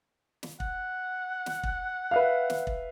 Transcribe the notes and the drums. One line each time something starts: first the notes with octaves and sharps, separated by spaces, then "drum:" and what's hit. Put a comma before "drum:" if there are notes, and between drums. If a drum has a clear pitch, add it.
drum: snare
F#5, drum: kick
drum: snare
drum: kick
B4 E5 F5
drum: snare
drum: kick